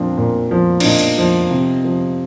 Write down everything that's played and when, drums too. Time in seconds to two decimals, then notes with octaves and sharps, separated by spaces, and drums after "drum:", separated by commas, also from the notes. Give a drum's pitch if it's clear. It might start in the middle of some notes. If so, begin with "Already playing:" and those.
Already playing: A#2 F3 C4 D4
0.17 A#2
0.51 F3
0.80 D4, drum: cymbal
0.85 A#2 D#4
0.98 drum: hi-hat
1.18 F3
1.51 C3
1.84 F3